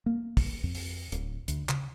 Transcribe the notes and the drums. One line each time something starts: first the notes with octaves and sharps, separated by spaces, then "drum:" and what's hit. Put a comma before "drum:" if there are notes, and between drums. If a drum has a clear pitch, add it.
A#3
drum: kick, open hi-hat
F2
drum: open hi-hat
D1, drum: hi-hat
D2, drum: hi-hat
C#3, drum: clap